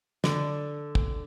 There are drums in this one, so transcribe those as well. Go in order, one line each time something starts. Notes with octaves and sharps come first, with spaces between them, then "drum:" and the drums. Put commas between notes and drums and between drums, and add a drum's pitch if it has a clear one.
D3, drum: snare
drum: kick